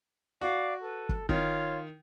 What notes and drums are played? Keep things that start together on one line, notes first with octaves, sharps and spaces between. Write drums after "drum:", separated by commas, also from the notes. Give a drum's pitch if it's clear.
F#4 D5 F5
A4 B4
drum: kick
D#3 F4 C#5, drum: kick